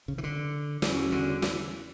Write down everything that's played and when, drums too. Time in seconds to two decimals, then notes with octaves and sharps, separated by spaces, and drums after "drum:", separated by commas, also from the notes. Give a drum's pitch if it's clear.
0.08 C#3
0.18 E3
0.24 D3
0.82 E2 C#3 E3 G3 C#4 F#4, drum: snare
1.12 D3
1.42 E3, drum: snare